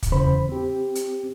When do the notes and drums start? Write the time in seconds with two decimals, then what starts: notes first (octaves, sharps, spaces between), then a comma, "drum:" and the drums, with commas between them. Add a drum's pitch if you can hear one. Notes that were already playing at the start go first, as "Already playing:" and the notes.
0.03 drum: kick, hi-hat
0.12 E2 C#3 C5 B5
0.49 C4 G4
0.95 drum: hi-hat